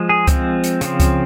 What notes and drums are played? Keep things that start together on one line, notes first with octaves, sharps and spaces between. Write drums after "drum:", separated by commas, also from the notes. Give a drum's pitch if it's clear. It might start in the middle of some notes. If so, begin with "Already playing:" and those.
Already playing: F3 G#3
G#4
F3 G#3 C4, drum: kick C#2, hi-hat
drum: hi-hat
C#3 F3 C4, drum: hi-hat
drum: kick C#2, hi-hat